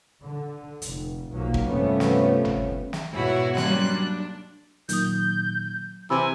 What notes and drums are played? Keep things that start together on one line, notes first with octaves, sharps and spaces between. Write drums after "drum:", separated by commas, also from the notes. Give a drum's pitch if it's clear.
D3
F1, drum: hi-hat
B1 F3 F#3 A#3
drum: kick
G2 C3 F3 A3 B3 C#4
drum: snare
drum: tom
drum: snare
E2 G#2 B2 E4 F#4 C#5
F#3 G3 A#3 C#4 C6 F#6, drum: snare
D4
A#2 D#3 F#3 D#6 G6, drum: hi-hat
C3 E3 G#5 B5 E6